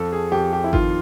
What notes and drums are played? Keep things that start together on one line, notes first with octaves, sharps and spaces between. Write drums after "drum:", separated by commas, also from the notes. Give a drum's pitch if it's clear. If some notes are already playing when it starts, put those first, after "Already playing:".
Already playing: F2 A4
G#4
F2 G4
G4
E4
D#3 F4, drum: kick G#1